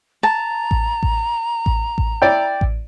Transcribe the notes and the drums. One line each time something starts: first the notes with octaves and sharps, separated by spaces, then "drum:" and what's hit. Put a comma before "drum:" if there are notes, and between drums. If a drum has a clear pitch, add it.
A5 A#5
drum: kick A1
drum: kick A1
drum: kick A1
drum: kick A1
E4 D5 G5
drum: kick A1